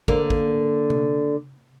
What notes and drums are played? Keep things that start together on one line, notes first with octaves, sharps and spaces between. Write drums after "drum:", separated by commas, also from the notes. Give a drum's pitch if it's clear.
D3 A#3, drum: kick
drum: kick
drum: tom C3